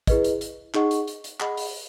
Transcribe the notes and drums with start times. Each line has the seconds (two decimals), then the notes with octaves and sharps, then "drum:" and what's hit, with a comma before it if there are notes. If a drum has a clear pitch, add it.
0.07 E4 G#4 B4 D#5, drum: kick, hi-hat
0.24 drum: hi-hat
0.41 drum: hi-hat
0.74 D#4 G#4 D#5 F#5 C#6, drum: clap
0.91 drum: hi-hat
1.08 drum: hi-hat
1.24 drum: hi-hat
1.40 G#4 D#5 F#5 B5, drum: clap
1.57 drum: open hi-hat